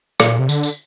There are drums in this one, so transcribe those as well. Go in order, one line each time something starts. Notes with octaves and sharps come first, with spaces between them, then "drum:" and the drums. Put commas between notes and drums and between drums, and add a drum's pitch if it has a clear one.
A#2, drum: rim click
C3
D3, drum: tambourine
drum: tambourine